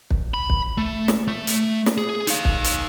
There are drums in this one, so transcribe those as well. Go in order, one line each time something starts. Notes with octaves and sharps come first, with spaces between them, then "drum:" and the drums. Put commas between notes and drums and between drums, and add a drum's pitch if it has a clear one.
drum: kick
B5
drum: kick
A3
drum: snare
A3
drum: hi-hat
drum: snare
G#4
D#4 F5, drum: hi-hat
drum: kick
drum: hi-hat